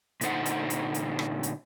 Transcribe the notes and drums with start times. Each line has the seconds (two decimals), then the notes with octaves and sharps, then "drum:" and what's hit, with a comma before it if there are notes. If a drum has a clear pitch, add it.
0.21 A#2 D3 D#4 C5 F#5, drum: hi-hat
0.46 drum: hi-hat
0.70 drum: hi-hat
0.94 drum: hi-hat
1.19 drum: rim click
1.43 drum: hi-hat